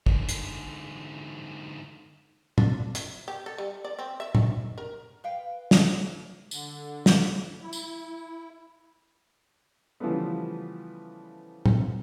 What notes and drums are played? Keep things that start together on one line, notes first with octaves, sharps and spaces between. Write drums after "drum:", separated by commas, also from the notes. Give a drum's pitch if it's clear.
G#2 D3, drum: kick
drum: hi-hat
D4, drum: tom
E4, drum: hi-hat
G4
A4
G3
D5
C4
E5
D#3, drum: tom
A#4
B4 F5 G5
drum: snare
D3, drum: tambourine
drum: snare
E4
drum: tambourine
C#3 E3 F3 G3 A3 B3
drum: tom